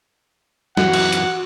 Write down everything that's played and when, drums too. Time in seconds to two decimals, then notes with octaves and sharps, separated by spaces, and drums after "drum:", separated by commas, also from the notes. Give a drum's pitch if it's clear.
0.77 F#2 E3 F#4 F#5, drum: snare
0.93 drum: cymbal
1.13 drum: hi-hat